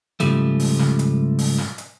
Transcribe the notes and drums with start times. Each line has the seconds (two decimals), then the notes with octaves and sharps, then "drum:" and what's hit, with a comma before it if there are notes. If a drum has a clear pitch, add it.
0.20 G#2 C#3 F3 G3 A3, drum: hi-hat
0.59 drum: open hi-hat
0.79 drum: snare
0.99 drum: hi-hat
1.39 drum: open hi-hat
1.58 drum: snare
1.78 drum: hi-hat